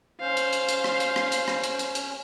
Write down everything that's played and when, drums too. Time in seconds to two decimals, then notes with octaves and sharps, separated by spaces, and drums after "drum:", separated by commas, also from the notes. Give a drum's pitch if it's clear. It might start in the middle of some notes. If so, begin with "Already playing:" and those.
0.21 C#4 C5 F5
0.37 drum: hi-hat
0.53 drum: hi-hat
0.69 drum: hi-hat
0.84 drum: rim click
1.00 drum: hi-hat
1.16 drum: rim click
1.32 drum: hi-hat
1.48 drum: rim click
1.64 drum: hi-hat
1.79 drum: hi-hat
1.95 drum: hi-hat